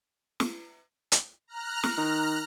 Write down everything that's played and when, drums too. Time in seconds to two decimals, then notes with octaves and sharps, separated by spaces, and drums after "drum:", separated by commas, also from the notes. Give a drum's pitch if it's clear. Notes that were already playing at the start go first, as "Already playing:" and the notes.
0.40 drum: snare
1.12 drum: hi-hat
1.48 A#5 F6 F#6
1.83 drum: snare
1.97 D#3